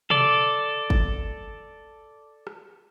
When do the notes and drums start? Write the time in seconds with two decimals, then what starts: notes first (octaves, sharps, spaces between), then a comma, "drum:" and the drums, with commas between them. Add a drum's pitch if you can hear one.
0.10 A4 D5, drum: tom
0.90 drum: kick
2.47 drum: rim click